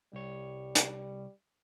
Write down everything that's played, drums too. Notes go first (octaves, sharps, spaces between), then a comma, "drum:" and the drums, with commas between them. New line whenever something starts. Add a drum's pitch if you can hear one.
C2 G3 C#5
drum: hi-hat